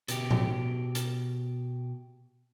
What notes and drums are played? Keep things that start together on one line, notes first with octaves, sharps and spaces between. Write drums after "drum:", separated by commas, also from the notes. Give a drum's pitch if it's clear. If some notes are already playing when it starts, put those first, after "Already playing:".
B2 G4, drum: hi-hat
drum: tom A2
drum: hi-hat